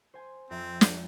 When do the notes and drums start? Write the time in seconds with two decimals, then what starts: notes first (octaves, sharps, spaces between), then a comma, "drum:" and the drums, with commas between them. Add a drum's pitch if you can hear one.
0.14 C5 G#5
0.51 F2 C4 E5 A#5
0.81 drum: snare